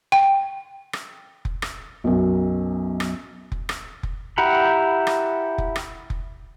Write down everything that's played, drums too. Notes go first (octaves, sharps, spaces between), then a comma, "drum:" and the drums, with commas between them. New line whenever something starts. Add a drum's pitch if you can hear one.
G5
drum: rim click
drum: kick F1
drum: rim click
B1 F#2
drum: rim click
drum: kick F1
drum: rim click
drum: kick F1
E4 G4 F#5 A#5 B5
drum: rim click
drum: kick F1
drum: rim click
drum: kick F1